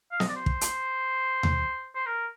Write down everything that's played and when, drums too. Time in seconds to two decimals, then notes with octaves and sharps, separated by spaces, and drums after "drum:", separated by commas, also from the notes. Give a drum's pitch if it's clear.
0.11 F5
0.20 D#5, drum: snare
0.28 D5
0.36 C5
0.46 drum: kick
0.61 drum: hi-hat
1.43 drum: tom D#2
1.95 C5
2.06 A#4